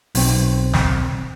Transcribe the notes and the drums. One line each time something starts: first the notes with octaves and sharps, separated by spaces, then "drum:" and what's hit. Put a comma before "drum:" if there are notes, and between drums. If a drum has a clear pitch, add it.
B1 C4, drum: open hi-hat
drum: snare